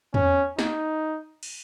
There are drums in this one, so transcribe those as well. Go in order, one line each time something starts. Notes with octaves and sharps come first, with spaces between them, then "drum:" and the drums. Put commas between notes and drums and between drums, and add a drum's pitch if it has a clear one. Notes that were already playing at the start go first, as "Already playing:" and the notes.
C#4, drum: tom
D#4, drum: snare
drum: cymbal